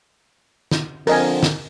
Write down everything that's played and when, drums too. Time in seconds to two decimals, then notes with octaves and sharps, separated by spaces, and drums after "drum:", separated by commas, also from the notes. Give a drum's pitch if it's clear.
0.71 drum: snare
1.07 D3 F3 C4 A#4 D#5 G#5, drum: open hi-hat
1.43 drum: snare